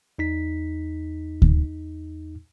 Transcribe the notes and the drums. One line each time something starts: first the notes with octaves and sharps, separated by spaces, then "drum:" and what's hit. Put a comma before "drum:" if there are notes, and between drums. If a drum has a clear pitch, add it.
E2 D#4 B6
drum: kick D2